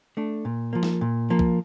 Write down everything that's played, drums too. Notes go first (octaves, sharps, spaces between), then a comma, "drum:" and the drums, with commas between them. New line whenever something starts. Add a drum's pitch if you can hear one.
A3 D4
A#2
F3 A#3
drum: snare
A#2
F3 A#3
drum: kick A#1